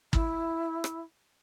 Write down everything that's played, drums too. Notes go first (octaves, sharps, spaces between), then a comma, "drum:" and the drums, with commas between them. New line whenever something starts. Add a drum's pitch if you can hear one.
E4, drum: kick
drum: rim click